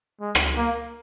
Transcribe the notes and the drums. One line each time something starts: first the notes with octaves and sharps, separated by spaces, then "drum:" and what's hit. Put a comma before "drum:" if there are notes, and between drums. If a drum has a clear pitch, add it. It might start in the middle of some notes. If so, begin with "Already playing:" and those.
G#3
drum: rim click
A#3